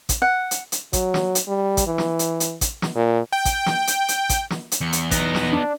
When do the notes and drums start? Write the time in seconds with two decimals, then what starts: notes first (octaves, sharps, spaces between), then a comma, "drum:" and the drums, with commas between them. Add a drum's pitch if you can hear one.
0.09 drum: kick, hi-hat
0.22 F#5
0.51 drum: hi-hat
0.72 drum: hi-hat
0.93 F#3, drum: kick, hi-hat
1.14 drum: snare
1.35 drum: hi-hat
1.48 G3
1.77 drum: kick, hi-hat
1.87 E3
1.98 drum: snare
2.19 drum: hi-hat
2.40 drum: hi-hat
2.61 drum: kick, hi-hat
2.82 drum: snare
2.95 A#2
3.32 G5
3.45 drum: kick, hi-hat
3.66 drum: snare
3.87 drum: hi-hat
4.08 drum: hi-hat
4.29 drum: kick, hi-hat
4.50 drum: snare
4.72 drum: hi-hat
4.81 E2 C#7
4.93 drum: hi-hat
5.11 B3 D#4 A#6, drum: kick, hi-hat
5.35 drum: snare
5.53 D4